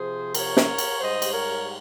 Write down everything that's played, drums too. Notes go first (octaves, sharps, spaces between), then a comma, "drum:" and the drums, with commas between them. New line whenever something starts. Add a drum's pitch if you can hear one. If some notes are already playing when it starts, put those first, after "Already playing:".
Already playing: C3 F3 G#4 C5
A#4 C#5, drum: cymbal
drum: snare
drum: cymbal
G#2 G3 C5 D#5
drum: cymbal
A#4 C#5